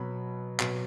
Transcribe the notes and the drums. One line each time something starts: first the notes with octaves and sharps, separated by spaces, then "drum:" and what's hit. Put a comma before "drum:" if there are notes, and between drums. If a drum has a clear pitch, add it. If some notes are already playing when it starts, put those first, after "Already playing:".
Already playing: B2 F#3 B3 B5
B2 F#3 B3, drum: clap